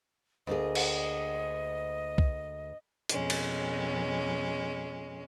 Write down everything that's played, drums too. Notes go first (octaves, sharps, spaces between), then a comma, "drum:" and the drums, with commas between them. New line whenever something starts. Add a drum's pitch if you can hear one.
D2 A#3 G#4 D#5
drum: cymbal
drum: kick C2
F2 B2 G#3 C#4, drum: hi-hat
drum: cymbal